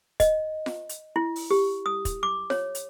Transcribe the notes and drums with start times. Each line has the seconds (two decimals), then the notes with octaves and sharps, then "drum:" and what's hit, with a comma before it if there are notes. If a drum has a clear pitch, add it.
0.20 D#5, drum: kick, hi-hat
0.66 drum: snare F4
0.89 drum: hi-hat
1.16 E4
1.36 drum: open hi-hat
1.51 G4
1.86 D#6
2.05 drum: kick, hi-hat
2.23 D6
2.50 C#5, drum: snare F4
2.75 drum: hi-hat